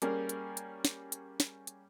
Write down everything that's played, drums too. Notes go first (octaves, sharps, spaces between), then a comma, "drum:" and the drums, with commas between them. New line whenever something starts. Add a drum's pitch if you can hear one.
G3 A#3 C#4 G#4 A#4, drum: hi-hat
drum: hi-hat
drum: hi-hat
drum: snare
drum: hi-hat
drum: snare
drum: hi-hat